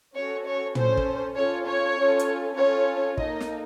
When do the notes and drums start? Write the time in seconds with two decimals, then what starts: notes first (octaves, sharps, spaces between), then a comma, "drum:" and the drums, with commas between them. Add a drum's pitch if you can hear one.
0.15 C#4 F#4 A4 C#5
0.45 C#5
0.75 C#4 A4 C5, drum: tom
0.97 drum: kick
1.36 C#4 F4 A4 C#5
1.66 C#5
1.97 C#4 F4 A4
2.19 drum: hi-hat
2.57 C#4 F4 A4 C#5
3.18 A#3 D#4 A4 D#5, drum: kick
3.40 drum: snare